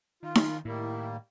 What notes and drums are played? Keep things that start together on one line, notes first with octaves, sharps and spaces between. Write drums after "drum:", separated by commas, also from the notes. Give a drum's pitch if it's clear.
D#3 F4
drum: snare D#4
A2 D#3 G3 A#3 E4